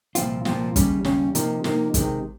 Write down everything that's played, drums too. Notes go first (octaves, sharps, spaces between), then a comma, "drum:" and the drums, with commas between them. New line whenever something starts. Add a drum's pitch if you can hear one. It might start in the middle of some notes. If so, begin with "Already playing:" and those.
C2 A#2 F3 C4 F4, drum: hi-hat
C2 A#2 F3 C4 F4, drum: snare
D#2 C#3 G3 C#4, drum: kick, hi-hat
D#2 C#3 G3 C#4, drum: snare
C3 F3 A#3 D#4, drum: hi-hat
C3 F3 A#3 D#4, drum: snare
C3 D#3 G#3, drum: kick, hi-hat